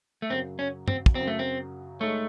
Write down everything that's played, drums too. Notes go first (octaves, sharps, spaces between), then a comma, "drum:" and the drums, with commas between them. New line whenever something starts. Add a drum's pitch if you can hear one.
A3
F#2 C#3 F#3 C4
C#4
C4, drum: tom
drum: kick
F#2 C#3 F#3 C4
A3
C4
G#3 A3 D#4 A4 C#5